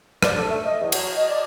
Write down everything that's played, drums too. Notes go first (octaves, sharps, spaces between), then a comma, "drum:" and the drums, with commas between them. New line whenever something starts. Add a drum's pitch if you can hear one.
D5, drum: rim click
A4
A3
D#5
E2
F#3, drum: cymbal
D#5
D5